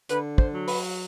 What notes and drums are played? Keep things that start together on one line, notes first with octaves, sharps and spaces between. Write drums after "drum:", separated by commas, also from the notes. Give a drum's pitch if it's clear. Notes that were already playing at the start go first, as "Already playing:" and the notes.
D3 B4, drum: hi-hat
C5, drum: kick
F#3
B4, drum: open hi-hat